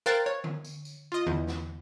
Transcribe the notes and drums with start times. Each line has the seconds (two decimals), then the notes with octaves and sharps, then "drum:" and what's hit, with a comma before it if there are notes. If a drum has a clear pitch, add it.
0.06 A#4 C5 F5 G5 F#6 A6
0.26 C#5
0.44 drum: tom D3
0.65 drum: tambourine
0.85 drum: tambourine
1.12 F4 D#5
1.27 E2, drum: tom D3
1.47 drum: snare